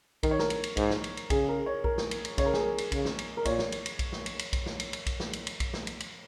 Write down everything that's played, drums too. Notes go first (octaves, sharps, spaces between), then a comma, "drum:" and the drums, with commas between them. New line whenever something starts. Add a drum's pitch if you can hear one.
D#3 A#4, drum: kick B1, cymbal
C#5
A#4, drum: snare
drum: cymbal
drum: cymbal
G#2, drum: kick B1, cymbal
drum: snare
drum: cymbal
drum: cymbal
C#3 G#4, drum: kick B1, cymbal
A#4
C#5
A#4, drum: kick B1
drum: snare
drum: cymbal
drum: cymbal
C#3 C#5, drum: kick B1, cymbal
A#4
G#4, drum: snare
A#4
drum: cymbal
C#3, drum: kick B1, cymbal
drum: snare
drum: cymbal
A#4
A#2 C#5, drum: kick B1, cymbal
drum: snare
drum: cymbal
drum: cymbal
drum: kick B1, cymbal
drum: snare
drum: cymbal
drum: cymbal
drum: kick B1, cymbal
drum: snare
drum: cymbal
drum: cymbal
drum: kick B1, cymbal
drum: snare
drum: cymbal
drum: cymbal
drum: kick B1, cymbal
drum: snare
drum: cymbal
drum: cymbal